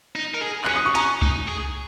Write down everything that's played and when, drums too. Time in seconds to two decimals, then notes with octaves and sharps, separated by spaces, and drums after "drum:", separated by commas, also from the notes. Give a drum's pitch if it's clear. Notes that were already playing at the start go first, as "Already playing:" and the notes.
0.16 D#4
0.34 A#4
0.42 G#4
0.65 C#4 F#6, drum: clap
0.75 D#6
0.86 C#6
0.95 C#4 A#5, drum: hi-hat
1.22 D#4, drum: kick C#2
1.48 G#4